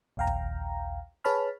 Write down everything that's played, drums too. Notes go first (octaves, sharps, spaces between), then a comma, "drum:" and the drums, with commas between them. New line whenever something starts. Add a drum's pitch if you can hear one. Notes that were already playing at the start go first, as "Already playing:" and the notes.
A#1 D#2 F5 G5 A#5
drum: kick
G#4 B4 C#5 A5 B5 F6